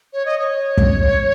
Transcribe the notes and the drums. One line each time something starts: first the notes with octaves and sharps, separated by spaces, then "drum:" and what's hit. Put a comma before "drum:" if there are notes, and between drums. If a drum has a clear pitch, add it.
C#5
D#5
C#5
drum: kick